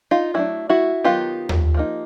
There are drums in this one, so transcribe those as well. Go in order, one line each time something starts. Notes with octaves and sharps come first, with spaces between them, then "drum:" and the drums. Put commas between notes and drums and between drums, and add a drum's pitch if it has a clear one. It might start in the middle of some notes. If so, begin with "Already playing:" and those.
D#4 F4
F#3 A3 D4 E4
E4 F#4
D#3 F#3 B3 D#4 F4 G4
drum: tom D#2
F3 A#3 D#4